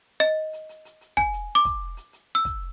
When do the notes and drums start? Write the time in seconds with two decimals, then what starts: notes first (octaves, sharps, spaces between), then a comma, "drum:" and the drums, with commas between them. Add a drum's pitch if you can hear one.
0.20 D#5
0.53 drum: hi-hat
0.69 drum: hi-hat
0.85 drum: hi-hat
1.01 drum: hi-hat
1.17 G#5, drum: kick, hi-hat
1.33 drum: hi-hat
1.55 D6
1.65 drum: kick, hi-hat
1.97 drum: hi-hat
2.13 drum: hi-hat
2.35 E6
2.45 drum: kick, hi-hat